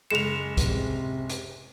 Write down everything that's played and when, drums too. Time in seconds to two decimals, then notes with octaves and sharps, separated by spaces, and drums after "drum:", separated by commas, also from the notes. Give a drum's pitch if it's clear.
0.10 F#1 G#3 C#7 E7 F7
0.57 C3, drum: kick, hi-hat
1.30 drum: hi-hat